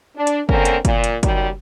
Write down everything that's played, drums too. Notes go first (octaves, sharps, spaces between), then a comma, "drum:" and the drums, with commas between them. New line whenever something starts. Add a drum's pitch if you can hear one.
D4
drum: hi-hat
D3 A#3 C4 C#4 A#4, drum: kick
drum: hi-hat
A#2, drum: kick, hi-hat
drum: hi-hat
F#2 D#3 F#3 G3, drum: kick, hi-hat